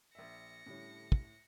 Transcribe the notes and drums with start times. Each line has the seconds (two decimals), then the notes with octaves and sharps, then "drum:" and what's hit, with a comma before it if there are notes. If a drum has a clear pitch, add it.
0.15 A#1 E5 A#6 C#7
0.66 A2 D3 G3 C#4
1.12 drum: kick